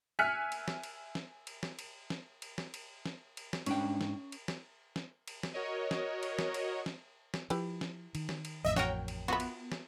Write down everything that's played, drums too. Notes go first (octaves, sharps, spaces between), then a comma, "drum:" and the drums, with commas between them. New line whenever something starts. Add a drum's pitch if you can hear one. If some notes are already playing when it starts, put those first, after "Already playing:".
E5 G#5 F6 F#6 B6 C#7
drum: cymbal
drum: snare
drum: cymbal
drum: snare
drum: cymbal
drum: snare
drum: cymbal
drum: snare
drum: cymbal
drum: snare
drum: cymbal
drum: snare
drum: cymbal
drum: snare
G#2 C#4 D4 G5, drum: cymbal
drum: snare
drum: cymbal
drum: snare
drum: snare
drum: cymbal
drum: snare
F#4 A#4 C#5 D#5
drum: snare
drum: cymbal
drum: snare
drum: cymbal
drum: snare
drum: snare
F3 E4 G4 B4, drum: cymbal
drum: snare
D#3, drum: cymbal
drum: snare
drum: cymbal
A1 F2 A2 D#5 E5 E6
F#4 A#4 C#5 G5, drum: snare
drum: cymbal
B3 F4 F#4 E5 B5
drum: cymbal
drum: snare